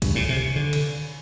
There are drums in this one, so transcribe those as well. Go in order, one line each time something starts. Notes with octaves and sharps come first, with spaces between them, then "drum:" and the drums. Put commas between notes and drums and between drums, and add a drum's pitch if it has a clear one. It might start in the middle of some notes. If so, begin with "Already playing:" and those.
G2, drum: kick C#2, cymbal
A2
C3
D3
drum: cymbal